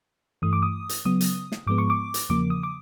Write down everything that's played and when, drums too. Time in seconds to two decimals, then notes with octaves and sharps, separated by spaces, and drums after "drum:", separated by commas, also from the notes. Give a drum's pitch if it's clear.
0.42 G2 E3 A3 D#6
0.53 D6
0.62 D#6
0.89 drum: hi-hat
1.05 C#3 F#3 B3 D#6
1.21 drum: hi-hat
1.52 drum: snare
1.67 G#2 F3 G#3 B3 D6
1.78 C#6
1.90 D6
2.14 drum: hi-hat
2.29 E2 C#3 F3 A#3 D6
2.50 D#6
2.63 D6